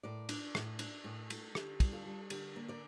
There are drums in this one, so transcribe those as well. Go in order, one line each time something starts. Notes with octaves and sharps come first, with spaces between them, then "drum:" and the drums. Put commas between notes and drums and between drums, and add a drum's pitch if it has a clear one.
A2 A#4 D5
D4, drum: cymbal
A2, drum: rim click
D4, drum: cymbal
A2
A3, drum: cymbal
D3 G4, drum: rim click
G3, drum: kick, cymbal
F4 A4
G3
D3 G4 A#4, drum: cymbal
A#3
A#4 D5